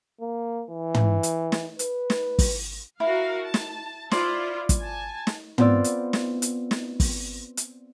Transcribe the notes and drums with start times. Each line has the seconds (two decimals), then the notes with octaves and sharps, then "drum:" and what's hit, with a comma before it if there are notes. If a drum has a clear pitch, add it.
0.21 A#3
0.70 E3
0.94 drum: tom
1.23 drum: hi-hat
1.52 drum: snare
1.79 B4, drum: hi-hat
2.10 drum: snare
2.39 drum: kick, open hi-hat
3.00 E4 F#4 A#4 F5
3.43 A5
3.54 drum: snare
4.11 E4 F4 C5 D5 D6, drum: snare
4.69 drum: kick, hi-hat
4.81 G#5 A5
5.27 drum: snare
5.58 B3 C4 F4 D5 E6, drum: tom
5.84 drum: hi-hat
6.13 drum: snare
6.42 drum: hi-hat
6.71 drum: snare
7.00 drum: kick, open hi-hat
7.57 drum: hi-hat